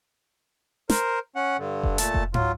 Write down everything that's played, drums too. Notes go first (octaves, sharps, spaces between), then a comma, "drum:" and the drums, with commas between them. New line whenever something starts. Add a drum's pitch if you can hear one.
A#4 C5, drum: snare
C#4 F#5
G2 D3
drum: kick F1
A#2 A3 A5, drum: hi-hat
drum: kick F1
F#3 F4, drum: tom G#2